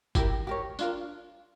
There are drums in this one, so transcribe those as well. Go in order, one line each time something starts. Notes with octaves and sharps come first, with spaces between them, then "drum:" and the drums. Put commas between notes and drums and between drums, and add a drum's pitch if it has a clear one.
E4 G4 A#4, drum: kick G1, tambourine
G4 A#4 C#5
D4 F4 A#4, drum: tambourine